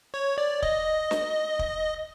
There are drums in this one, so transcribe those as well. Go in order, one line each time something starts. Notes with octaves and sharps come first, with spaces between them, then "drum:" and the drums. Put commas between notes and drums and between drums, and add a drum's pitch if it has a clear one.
C#5
D5
D#5, drum: kick
drum: snare
drum: kick